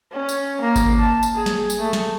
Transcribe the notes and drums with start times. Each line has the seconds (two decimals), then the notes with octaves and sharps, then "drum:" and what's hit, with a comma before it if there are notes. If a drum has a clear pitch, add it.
0.12 C#4
0.29 drum: tambourine
0.61 A#3
0.76 drum: kick G#1, tambourine
0.99 A5
1.23 drum: tambourine
1.35 G#4
1.46 drum: snare
1.70 drum: tambourine
1.79 A3
1.93 drum: snare